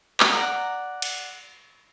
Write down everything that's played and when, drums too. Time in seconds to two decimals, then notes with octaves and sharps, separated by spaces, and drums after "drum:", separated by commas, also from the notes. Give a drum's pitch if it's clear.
0.20 drum: clap
0.33 D5 F#5 A#5
1.02 drum: cymbal